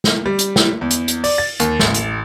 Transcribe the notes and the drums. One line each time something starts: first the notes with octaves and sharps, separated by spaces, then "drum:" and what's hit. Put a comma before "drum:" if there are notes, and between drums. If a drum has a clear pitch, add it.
drum: snare
G3
drum: hi-hat
drum: snare
E2
drum: hi-hat
drum: hi-hat
D5, drum: open hi-hat
A6
D#2, drum: hi-hat
A1, drum: snare
drum: hi-hat